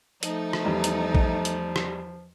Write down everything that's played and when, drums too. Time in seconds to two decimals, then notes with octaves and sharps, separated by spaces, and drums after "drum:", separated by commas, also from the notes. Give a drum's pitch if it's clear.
0.23 F3 A3 D#4, drum: hi-hat
0.53 drum: rim click
0.65 E2 G3
0.84 drum: hi-hat
1.15 drum: kick
1.45 drum: hi-hat
1.76 drum: rim click